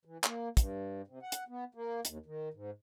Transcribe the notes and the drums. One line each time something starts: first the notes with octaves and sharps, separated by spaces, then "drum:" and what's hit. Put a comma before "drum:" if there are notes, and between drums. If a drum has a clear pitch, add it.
E3
A#3, drum: clap
G2, drum: kick, hi-hat
C3
F#5
drum: hi-hat
B3
A#3
D#2, drum: hi-hat
D#3
G#2